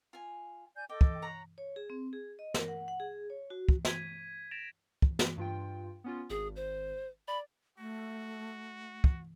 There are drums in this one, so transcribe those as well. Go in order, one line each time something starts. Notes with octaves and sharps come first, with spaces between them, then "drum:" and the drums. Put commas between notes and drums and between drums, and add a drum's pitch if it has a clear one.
F4 G#5
D5 G#5 G6
A4 D#5 G5 D6
drum: kick
C#5 F#5 A#5
C#5
G#4
C4
G#4
D#5
A#4, drum: snare
F#5
F#5
G#4
C#5
F#4
drum: kick
G#6 B6 D#7, drum: snare
A6 A#6 D7 E7 F7
drum: kick
drum: snare
G2 F4 G5
B3 C#4 F4
G#1 G#4
C5
D5 B5
A3 F#4
drum: kick